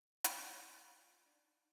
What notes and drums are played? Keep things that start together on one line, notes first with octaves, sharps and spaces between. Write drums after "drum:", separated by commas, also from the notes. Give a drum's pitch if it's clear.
drum: hi-hat
C#7
F4
D4 D#4